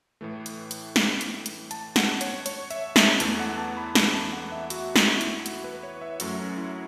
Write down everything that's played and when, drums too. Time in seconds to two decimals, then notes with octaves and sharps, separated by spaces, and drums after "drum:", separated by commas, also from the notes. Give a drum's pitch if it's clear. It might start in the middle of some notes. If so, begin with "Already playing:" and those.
0.21 A2 E3 A3
0.46 drum: hi-hat
0.71 drum: hi-hat
0.96 drum: snare
1.21 drum: hi-hat
1.46 drum: hi-hat
1.71 A5, drum: hi-hat
1.96 F#5, drum: snare
2.21 C#5, drum: hi-hat
2.46 C#5, drum: hi-hat
2.71 E5, drum: hi-hat
2.96 A5, drum: snare
3.20 E2 E3 A3 A5, drum: hi-hat
3.40 F#5
3.58 A5
3.77 B5
3.95 A5, drum: snare
4.14 A5
4.33 F#5
4.52 E5
4.70 F#4, drum: hi-hat
4.96 E4, drum: snare
5.21 E4, drum: hi-hat
5.46 F#4, drum: hi-hat
5.64 B4
5.83 C#5
6.02 E5
6.20 F#2 F#3 A3 F#4, drum: hi-hat
6.39 C#4
6.58 E4